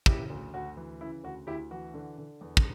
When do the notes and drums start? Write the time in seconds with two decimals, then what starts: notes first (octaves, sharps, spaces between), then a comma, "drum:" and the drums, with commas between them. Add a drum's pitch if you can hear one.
0.06 C#3 E4 G4, drum: kick
0.30 D2
0.54 D2 F#4
0.77 E3
1.01 C#3 E4
1.23 D2 F#4
1.47 D2 E4 G4
1.71 E3 F#4
1.94 D3
2.18 D3
2.41 E2
2.57 drum: kick